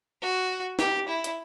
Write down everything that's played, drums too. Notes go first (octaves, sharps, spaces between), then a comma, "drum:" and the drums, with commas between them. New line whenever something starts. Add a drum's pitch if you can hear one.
F#4
G4, drum: snare
E4
drum: hi-hat